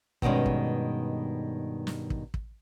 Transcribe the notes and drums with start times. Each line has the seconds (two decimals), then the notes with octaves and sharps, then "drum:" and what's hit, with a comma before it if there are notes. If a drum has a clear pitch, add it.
0.22 G2 B2 D#3 G#3 C#4, drum: kick
0.46 drum: kick
1.87 drum: snare
2.10 drum: kick
2.34 drum: kick